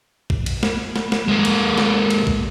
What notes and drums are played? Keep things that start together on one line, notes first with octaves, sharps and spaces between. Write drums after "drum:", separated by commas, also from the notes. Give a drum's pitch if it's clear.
drum: kick A1
drum: cymbal
drum: snare
drum: snare
drum: snare
G#3 A#3
drum: cymbal
drum: snare
drum: cymbal
drum: kick A1